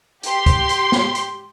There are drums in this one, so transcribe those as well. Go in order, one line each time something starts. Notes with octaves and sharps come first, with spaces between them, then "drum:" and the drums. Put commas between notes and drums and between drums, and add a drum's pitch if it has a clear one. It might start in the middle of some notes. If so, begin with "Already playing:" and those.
G4 C6, drum: hi-hat
drum: kick, hi-hat
drum: hi-hat
drum: snare
drum: hi-hat